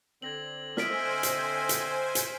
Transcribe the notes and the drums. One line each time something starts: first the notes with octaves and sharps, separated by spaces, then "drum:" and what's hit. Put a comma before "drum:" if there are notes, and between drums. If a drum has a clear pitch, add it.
D3 C4 G#6 A#6 F#7
C5 D#5 E5 G#5 F6 B6 D7, drum: snare
drum: hi-hat
drum: hi-hat
drum: hi-hat